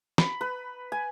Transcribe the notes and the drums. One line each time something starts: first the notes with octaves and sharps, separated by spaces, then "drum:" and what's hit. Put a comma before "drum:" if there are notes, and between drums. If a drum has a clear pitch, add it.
B5, drum: snare
B4
G#5